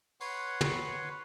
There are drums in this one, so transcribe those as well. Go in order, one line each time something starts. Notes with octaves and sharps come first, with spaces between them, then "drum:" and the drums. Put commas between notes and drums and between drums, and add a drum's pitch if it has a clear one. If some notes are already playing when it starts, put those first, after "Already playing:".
B4 C#5 F#5 C6, drum: open hi-hat
drum: tom